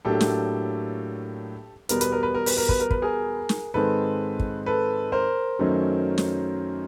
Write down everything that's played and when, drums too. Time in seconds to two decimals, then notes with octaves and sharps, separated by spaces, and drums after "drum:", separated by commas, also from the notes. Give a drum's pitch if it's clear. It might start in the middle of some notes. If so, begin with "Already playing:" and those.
0.05 A2 F#3 A#3 D4 G4 A4
0.21 drum: snare
1.89 E2 B2 G3 B3 A#4, drum: hi-hat
2.01 B4, drum: hi-hat
2.12 A#4
2.23 B4
2.34 A#4
2.46 B4, drum: open hi-hat
2.57 A#4
2.69 B4, drum: kick
2.80 A#4
2.91 B4, drum: kick
3.02 G#4 A#4
3.49 drum: snare
3.74 G#2 D#3 G#3 C4 A4 B4
4.40 drum: kick
4.66 A4 B4
5.12 A#4 C5
5.59 F#2 D#3 F#3 A3 C#4
6.18 drum: snare